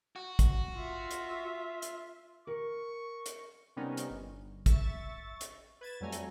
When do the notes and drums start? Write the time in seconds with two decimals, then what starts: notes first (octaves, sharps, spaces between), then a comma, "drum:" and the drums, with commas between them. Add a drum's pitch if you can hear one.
0.16 F#4
0.39 drum: kick A1, hi-hat
0.75 F4 E5
1.11 drum: hi-hat
1.82 drum: hi-hat
2.47 A#4 C#6
3.26 drum: hi-hat
3.76 C3 G3 B3 C#4 D#4 A#4
3.97 drum: hi-hat
4.10 G1
4.66 E5 C#6 A6, drum: kick A1, hi-hat
5.41 drum: hi-hat
5.81 B4 G#6 A6 E7
6.00 F2 F#3 G3 A3 G#5 A#5
6.12 drum: hi-hat